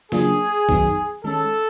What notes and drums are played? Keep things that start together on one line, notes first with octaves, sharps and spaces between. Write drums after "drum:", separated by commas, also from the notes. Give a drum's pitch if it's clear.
C#3 F#3 A#3 D4 F4 G#4, drum: snare
F#2 D#3 F#3 B3 D#4, drum: kick B1
D#3 G#3 C#4 A4